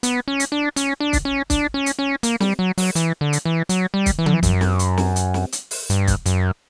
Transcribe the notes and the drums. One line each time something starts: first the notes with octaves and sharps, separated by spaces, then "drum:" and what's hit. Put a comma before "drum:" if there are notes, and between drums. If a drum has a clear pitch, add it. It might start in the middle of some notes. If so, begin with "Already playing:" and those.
B3, drum: hi-hat
C#4
drum: hi-hat
D4
C#4, drum: hi-hat
D4
drum: kick, hi-hat
C#4
D4, drum: kick, hi-hat
C#4
drum: hi-hat
C#4
A#3, drum: hi-hat
G3, drum: snare
F#3
F#3, drum: open hi-hat
E3, drum: hi-hat
D3
drum: hi-hat
E3
F#3, drum: hi-hat
G3
drum: kick, hi-hat
E3
D3, drum: tom F3
E3
F#2, drum: kick, hi-hat
drum: snare
drum: hi-hat
drum: snare
drum: hi-hat
drum: snare
drum: hi-hat
drum: open hi-hat
G2, drum: hi-hat
drum: kick, hi-hat
F#2, drum: hi-hat